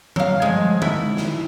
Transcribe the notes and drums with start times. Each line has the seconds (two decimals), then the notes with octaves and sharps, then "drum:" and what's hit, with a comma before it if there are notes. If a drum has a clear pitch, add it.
0.16 F#3 F5, drum: tom D3
0.42 F3 G#3
0.82 D#3 E4, drum: tom D3
1.17 drum: snare